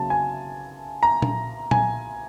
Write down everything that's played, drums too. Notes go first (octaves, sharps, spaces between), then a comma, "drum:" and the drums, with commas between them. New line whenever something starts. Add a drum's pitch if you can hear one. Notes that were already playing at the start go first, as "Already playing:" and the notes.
Already playing: C#3 F#3 A#3 A5
G#5
A#5
drum: tom A#2
G#5, drum: tom A#2